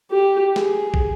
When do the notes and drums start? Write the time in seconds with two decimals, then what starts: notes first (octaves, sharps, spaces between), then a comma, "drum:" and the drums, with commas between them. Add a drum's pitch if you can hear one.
0.11 G4
0.56 G#4, drum: snare
0.94 drum: kick